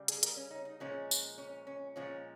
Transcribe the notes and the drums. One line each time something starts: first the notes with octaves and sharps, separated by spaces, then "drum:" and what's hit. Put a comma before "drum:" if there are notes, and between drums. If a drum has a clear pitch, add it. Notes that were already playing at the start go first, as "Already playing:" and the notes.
Already playing: C#3 G3
G#4, drum: hi-hat
A#4, drum: hi-hat
C#4
D#4
D#4
A#2 F3 G#3 C#4
drum: tambourine
C#4
C#4
A#2 F3 G#3 C#4